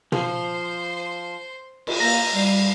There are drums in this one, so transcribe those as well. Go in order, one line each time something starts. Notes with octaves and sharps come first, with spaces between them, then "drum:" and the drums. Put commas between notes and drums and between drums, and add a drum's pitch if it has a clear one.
F3 C5, drum: tom
drum: cymbal
A#3 A#5
G3 F5